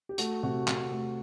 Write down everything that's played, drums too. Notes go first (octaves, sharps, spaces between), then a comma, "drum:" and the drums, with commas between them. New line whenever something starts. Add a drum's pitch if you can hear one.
G4
A3 F#4, drum: hi-hat
C3 F#4
C3, drum: clap
A3